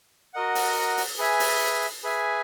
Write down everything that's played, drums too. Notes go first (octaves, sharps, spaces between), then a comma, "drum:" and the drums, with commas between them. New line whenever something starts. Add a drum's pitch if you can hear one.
F#4 A#4 D#5 F#5
drum: open hi-hat
drum: open hi-hat
G#4 B4 E5 G#5
drum: open hi-hat
G#4 B4 E5 G#5